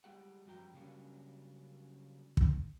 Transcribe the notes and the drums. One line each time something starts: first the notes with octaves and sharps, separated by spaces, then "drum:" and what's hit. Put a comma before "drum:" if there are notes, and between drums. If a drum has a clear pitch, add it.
G3 G#3 G4 F#5
F#2 F3 G3 F#4 G5 A#5
C#3 F#3 G3 A#3 C#4 D4
drum: kick